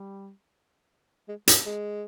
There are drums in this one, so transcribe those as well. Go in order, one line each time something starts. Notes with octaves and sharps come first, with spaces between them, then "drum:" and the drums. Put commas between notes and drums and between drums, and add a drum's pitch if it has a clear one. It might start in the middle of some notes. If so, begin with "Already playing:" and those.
Already playing: G3
G#3
G3, drum: hi-hat
G#3